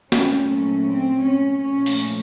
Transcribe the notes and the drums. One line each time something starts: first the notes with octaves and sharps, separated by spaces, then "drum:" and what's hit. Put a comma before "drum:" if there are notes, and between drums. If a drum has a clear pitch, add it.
A#2 F#3 A3 C4 C#4, drum: snare
C#4
C4
C#4
A#2 F3 A3 C#4
drum: open hi-hat